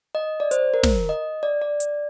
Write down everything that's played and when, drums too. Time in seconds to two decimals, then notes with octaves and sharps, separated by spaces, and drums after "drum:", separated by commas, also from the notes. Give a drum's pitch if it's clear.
0.15 D#5
0.40 D5
0.51 C5, drum: hi-hat
0.74 A#4
0.83 drum: snare
1.09 D#5
1.43 D5
1.62 D5
1.80 drum: hi-hat